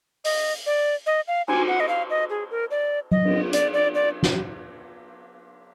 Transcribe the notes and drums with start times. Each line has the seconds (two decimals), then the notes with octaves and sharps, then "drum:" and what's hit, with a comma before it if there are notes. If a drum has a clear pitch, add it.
0.25 D#5, drum: open hi-hat
0.66 D5
1.06 D#5
1.28 F5
1.48 G#5, drum: cymbal
1.68 F#5
1.80 D#5
1.88 F5
2.10 D#5
2.30 G#4
2.51 A#4
2.71 D5
3.11 D#5, drum: tom F#3
3.25 drum: cymbal
3.53 D5, drum: hi-hat
3.73 D5
3.95 D5
4.23 drum: snare